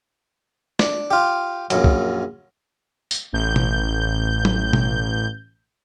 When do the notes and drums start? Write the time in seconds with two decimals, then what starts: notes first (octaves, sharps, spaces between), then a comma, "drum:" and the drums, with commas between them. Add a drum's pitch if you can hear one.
0.79 D4, drum: snare
1.11 F4 G4
1.70 A#1 F#2 F#3, drum: hi-hat
1.84 drum: kick C2
3.11 drum: tambourine
3.33 A1 G6
3.56 drum: tom B2
4.45 drum: tom F#3
4.73 drum: tom B2